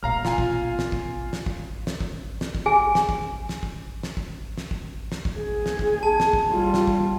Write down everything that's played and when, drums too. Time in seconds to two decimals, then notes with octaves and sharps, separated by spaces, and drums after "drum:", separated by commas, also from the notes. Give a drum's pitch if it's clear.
0.03 A#1 B2 F5 A#5 F6
0.25 F4 F5 G#5, drum: snare
0.38 drum: kick
0.79 drum: snare
0.92 drum: kick
1.33 drum: snare
1.46 drum: kick
1.87 drum: snare
2.01 drum: kick
2.41 drum: snare
2.55 drum: kick
2.66 G#4 G#5
2.95 drum: snare
3.09 drum: kick
3.49 drum: snare
3.63 drum: kick
4.03 drum: snare
4.17 drum: kick
4.58 drum: snare
4.71 drum: kick
5.12 drum: snare
5.25 drum: kick
5.36 G#4
5.66 drum: snare
5.79 drum: kick
6.03 A5
6.20 drum: snare
6.33 drum: kick
6.50 G3 F4
6.74 drum: snare
6.87 drum: kick